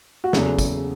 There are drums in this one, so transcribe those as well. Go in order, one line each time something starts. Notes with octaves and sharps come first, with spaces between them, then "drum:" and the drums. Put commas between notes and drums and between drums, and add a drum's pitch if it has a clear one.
F#4
E2 C#3 F#3 A4, drum: snare
drum: kick, tambourine